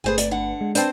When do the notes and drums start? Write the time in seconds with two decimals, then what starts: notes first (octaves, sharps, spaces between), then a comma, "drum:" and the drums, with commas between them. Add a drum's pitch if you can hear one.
0.04 G1 A3 G#4 B4 C5 G#5
0.18 D5, drum: hi-hat
0.31 D3 F#5
0.61 G#3
0.75 C4 D4 B4 C5 A5, drum: hi-hat